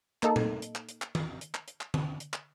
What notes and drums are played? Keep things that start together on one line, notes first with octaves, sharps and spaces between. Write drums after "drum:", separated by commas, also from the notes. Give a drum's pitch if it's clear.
A#3 D#4 A4, drum: clap
drum: tom A#2
drum: hi-hat
drum: clap
drum: hi-hat
drum: clap
drum: tom D#3
drum: hi-hat
drum: clap
drum: hi-hat
drum: clap
drum: tom D3
drum: hi-hat
drum: clap